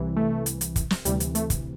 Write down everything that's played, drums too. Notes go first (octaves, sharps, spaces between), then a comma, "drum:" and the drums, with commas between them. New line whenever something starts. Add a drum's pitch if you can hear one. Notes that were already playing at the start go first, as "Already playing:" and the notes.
Already playing: C2 C3 E3
A3
drum: hi-hat
drum: hi-hat
drum: kick, hi-hat
drum: snare
D2 C3 E3 G3, drum: hi-hat
drum: hi-hat
A3, drum: hi-hat
drum: kick, hi-hat